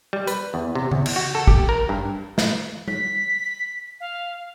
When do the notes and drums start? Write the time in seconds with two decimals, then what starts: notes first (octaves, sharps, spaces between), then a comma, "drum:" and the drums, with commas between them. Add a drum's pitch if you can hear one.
0.13 G3
0.27 B4, drum: hi-hat
0.54 E2
0.75 C3
0.91 E2, drum: tom C#3
1.06 drum: cymbal
1.16 F#4
1.35 A4
1.47 G4, drum: kick
1.69 A#4
1.89 G2
2.38 drum: snare
2.88 B6, drum: tom G3
4.00 F5